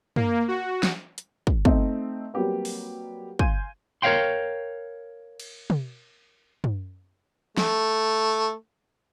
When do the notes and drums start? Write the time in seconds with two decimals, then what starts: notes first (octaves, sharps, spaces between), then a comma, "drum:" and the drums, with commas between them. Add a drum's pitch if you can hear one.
0.16 A#3, drum: tom
0.48 F#4
0.83 drum: snare
1.18 drum: hi-hat
1.47 drum: kick
1.65 A3 C4 D#4 E5, drum: kick
2.34 F#3 G3 A#3 C4 G4 B4
2.65 drum: open hi-hat
3.39 F5 G#5 C6 G6 G#6 D#7, drum: kick
4.02 A#4 C#5 E5 F5 G5 C6
5.40 drum: cymbal
5.70 drum: tom
6.64 drum: tom
7.57 A3, drum: snare